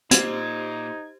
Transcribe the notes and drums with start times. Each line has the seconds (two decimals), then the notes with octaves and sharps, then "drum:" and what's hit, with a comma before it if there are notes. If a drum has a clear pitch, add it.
0.11 A#2 D#4 G4 C5 G#6, drum: hi-hat